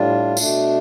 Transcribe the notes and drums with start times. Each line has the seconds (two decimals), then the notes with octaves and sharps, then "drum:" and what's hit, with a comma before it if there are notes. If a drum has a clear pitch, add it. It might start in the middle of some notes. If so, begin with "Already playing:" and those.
Already playing: A2 G3 D4 F4
0.37 B2 A3 D4, drum: tambourine